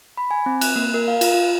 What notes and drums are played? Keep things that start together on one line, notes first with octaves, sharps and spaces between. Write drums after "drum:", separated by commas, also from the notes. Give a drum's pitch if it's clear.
B5
G#5
C4
F#6, drum: cymbal
A#3
A#4
F5
F4, drum: cymbal
F4